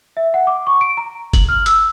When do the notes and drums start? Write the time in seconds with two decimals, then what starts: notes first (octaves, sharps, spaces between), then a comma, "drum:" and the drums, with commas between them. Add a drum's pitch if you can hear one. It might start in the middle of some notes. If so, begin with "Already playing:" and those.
0.17 E5
0.34 F#5
0.47 D6
0.67 C#6
0.81 D7
0.97 A#5
1.34 F#7, drum: kick G1, hi-hat
1.49 F6
1.66 E6, drum: hi-hat